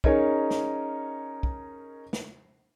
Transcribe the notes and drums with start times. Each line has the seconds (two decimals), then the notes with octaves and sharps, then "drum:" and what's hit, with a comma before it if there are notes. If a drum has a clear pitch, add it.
0.04 C#4 D#4 G#4 A#4 C#5 G#5, drum: kick
0.50 drum: snare
1.43 drum: kick
2.13 drum: snare